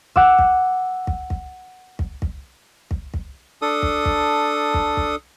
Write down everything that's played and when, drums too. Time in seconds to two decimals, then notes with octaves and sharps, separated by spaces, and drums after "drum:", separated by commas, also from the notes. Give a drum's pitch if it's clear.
0.16 F#5 D6 E6, drum: kick
0.39 drum: kick
1.07 drum: kick
1.30 drum: kick
1.99 drum: kick
2.22 drum: kick
2.91 drum: kick
3.14 drum: kick
3.62 D4 A4 D#6
3.82 drum: kick
4.05 drum: kick
4.74 drum: kick
4.97 drum: kick